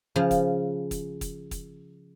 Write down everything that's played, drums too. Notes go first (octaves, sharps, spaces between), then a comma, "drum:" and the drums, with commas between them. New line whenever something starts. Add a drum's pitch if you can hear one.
C#3 F3
drum: kick, hi-hat
drum: kick, hi-hat
drum: kick, hi-hat
drum: kick, hi-hat